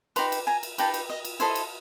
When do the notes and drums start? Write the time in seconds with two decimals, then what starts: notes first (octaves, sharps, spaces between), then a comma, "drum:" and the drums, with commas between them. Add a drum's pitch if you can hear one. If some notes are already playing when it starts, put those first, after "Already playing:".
0.16 D#4 G4 B4 A#5 C6, drum: cymbal
0.32 drum: cymbal
0.47 G#5 A#5
0.63 drum: cymbal
0.78 D#4 G4 B4 G5 A5, drum: cymbal
0.94 drum: cymbal
1.10 D#5
1.25 drum: cymbal
1.40 E4 A4 C5 D#5 E5, drum: cymbal
1.55 drum: cymbal